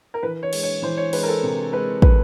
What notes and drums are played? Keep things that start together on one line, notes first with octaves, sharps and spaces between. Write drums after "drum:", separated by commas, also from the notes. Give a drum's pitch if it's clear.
A#4
E3 B4
C#5
G#3, drum: cymbal
C#5
E3 C5
C#5
G#3 B4, drum: cymbal
A#4
A4
C3
G#3 B4
B4, drum: kick